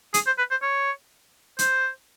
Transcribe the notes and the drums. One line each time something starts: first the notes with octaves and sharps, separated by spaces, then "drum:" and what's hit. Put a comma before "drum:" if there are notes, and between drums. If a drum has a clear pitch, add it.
G#4, drum: hi-hat
C5
B4
C5
C#5
C5, drum: hi-hat